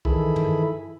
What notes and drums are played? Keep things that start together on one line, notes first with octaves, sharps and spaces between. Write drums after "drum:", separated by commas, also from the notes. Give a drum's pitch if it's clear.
D#3 E3 E4 G#4 A4 B5, drum: kick C2
drum: tom